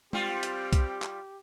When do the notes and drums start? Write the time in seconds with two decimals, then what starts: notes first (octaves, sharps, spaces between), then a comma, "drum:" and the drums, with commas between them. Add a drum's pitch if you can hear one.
0.13 G3 C4 F4 G4, drum: tom G#3
0.43 drum: hi-hat
0.73 drum: kick B1, hi-hat
1.02 drum: clap